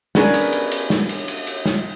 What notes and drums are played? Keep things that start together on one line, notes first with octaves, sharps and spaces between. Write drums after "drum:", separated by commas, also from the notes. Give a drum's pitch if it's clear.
B3 C#4 D4 G#4 A#4 B4, drum: snare
drum: cymbal
drum: cymbal
drum: cymbal
drum: snare
drum: cymbal
drum: cymbal
drum: cymbal
drum: snare